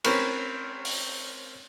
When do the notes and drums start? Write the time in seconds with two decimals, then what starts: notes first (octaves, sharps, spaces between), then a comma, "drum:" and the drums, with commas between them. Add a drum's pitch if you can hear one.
0.04 C4 C#4 A#4 B4 C#5, drum: cymbal
0.85 drum: open hi-hat